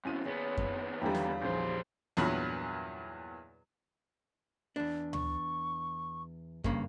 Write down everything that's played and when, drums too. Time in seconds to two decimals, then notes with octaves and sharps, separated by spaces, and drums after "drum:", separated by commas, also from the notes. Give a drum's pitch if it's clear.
0.05 F2 B2 C#4 E4 D#7
0.25 D#2 B3 C#4 G#4
0.57 drum: kick F#2
1.01 E2 D3 G3 F4 E5 G5 A#5
1.15 drum: snare
1.42 A#1 F#2 G#4 C5 G6
2.17 E2 G2 A#2 F#3 B5, drum: snare
4.76 E2 D4
5.13 C#6, drum: tom D2
6.64 G2 C#3 A#3, drum: kick F#2